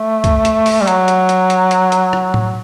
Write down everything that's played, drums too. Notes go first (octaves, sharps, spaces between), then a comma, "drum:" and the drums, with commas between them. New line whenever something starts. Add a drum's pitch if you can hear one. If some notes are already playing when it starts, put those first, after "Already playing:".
Already playing: A3
drum: kick, hi-hat
drum: hi-hat
drum: open hi-hat
G3
F#3, drum: hi-hat
drum: hi-hat
drum: hi-hat
drum: hi-hat
drum: hi-hat
drum: hi-hat
drum: rim click
drum: tom A2